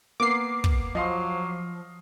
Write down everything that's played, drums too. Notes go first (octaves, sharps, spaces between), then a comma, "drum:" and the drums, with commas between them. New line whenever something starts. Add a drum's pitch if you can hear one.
A#3 B3 A#4 D6 C7
drum: kick
F3 F#3 D#5 F5 C6